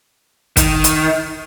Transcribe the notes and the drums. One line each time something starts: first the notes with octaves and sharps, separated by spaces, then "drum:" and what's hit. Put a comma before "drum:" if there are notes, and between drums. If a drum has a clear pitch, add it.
D#3, drum: kick, hi-hat
drum: hi-hat